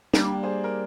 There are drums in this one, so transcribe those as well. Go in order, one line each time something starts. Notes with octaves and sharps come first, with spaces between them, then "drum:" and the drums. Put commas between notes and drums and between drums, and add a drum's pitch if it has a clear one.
G3 A#3 D4, drum: snare
G#4 C5
A#4